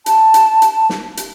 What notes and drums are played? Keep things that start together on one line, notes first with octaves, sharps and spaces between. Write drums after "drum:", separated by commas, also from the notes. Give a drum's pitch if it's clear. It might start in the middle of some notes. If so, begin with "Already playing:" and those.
A5, drum: hi-hat
drum: hi-hat
drum: hi-hat
drum: snare
drum: hi-hat